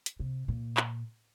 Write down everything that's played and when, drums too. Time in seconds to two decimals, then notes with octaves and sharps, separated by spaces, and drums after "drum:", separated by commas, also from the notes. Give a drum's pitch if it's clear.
0.06 drum: hi-hat
0.20 C3
0.48 A#2
0.77 drum: clap